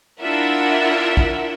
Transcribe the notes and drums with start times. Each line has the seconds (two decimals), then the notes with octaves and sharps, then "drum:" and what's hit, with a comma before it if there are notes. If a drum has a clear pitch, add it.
0.21 D4 E4 F4 A#4 E5 F#5
1.17 drum: kick A1